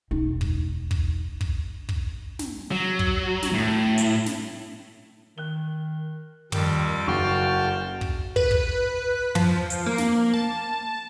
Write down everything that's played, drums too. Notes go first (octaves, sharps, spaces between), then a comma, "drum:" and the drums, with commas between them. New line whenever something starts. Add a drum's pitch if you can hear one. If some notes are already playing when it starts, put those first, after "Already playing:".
E1 D#4
drum: kick
drum: kick
drum: kick
drum: kick
drum: snare
F#3
drum: kick
drum: snare
A2
drum: hi-hat
drum: snare
D#3 F#6 G7
F2 D#3 G3 D6, drum: tom
F#1 C#3 F#4 G5 A5 C#6 F6 C7
drum: kick
B4, drum: kick
drum: kick
F3, drum: tom
drum: hi-hat
A#3
drum: snare
A5